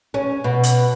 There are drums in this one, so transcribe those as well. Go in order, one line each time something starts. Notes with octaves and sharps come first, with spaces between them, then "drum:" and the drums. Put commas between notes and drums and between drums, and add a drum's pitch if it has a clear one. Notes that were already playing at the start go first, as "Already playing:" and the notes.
C#4
B2
drum: hi-hat